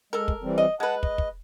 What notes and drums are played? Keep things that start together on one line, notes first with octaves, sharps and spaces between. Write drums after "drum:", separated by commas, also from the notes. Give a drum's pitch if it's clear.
G#3 A4 A#4
drum: kick
E3 G3 C4
D#5
G#3 B4 F#5 A5
D#5, drum: kick
drum: kick